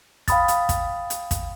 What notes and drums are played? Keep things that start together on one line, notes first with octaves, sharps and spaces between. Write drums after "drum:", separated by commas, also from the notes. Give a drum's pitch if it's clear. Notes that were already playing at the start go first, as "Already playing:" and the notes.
F5 G5 B5 D#6 A6, drum: kick, hi-hat
drum: hi-hat
drum: kick, hi-hat
drum: hi-hat
drum: kick, hi-hat